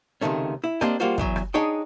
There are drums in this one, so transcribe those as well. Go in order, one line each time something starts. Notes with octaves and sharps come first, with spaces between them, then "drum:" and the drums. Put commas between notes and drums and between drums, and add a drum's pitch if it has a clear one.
C#2 C3 D#3 A3 C#4
E4
A#3 C4 D4 G4 C5 D#5, drum: rim click
G3 A#3 F4 F#4 C5
E2 E3 F#3, drum: kick
drum: rim click
D4 D#4 G#4 C#5 G5